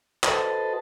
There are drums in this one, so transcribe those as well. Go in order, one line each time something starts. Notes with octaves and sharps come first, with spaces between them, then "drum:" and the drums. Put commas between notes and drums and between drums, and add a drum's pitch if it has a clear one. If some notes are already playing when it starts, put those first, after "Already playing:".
F#4 A4 B4 C5 D#5 A5, drum: clap